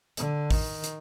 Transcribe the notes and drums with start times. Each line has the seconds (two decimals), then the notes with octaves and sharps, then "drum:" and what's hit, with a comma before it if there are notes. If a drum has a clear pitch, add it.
0.17 D3, drum: hi-hat
0.51 D#3, drum: kick, open hi-hat
0.84 drum: hi-hat